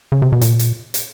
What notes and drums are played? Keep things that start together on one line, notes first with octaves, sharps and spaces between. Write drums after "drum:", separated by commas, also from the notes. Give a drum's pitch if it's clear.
C#3
C3
B2
A#2, drum: hi-hat
drum: hi-hat
drum: hi-hat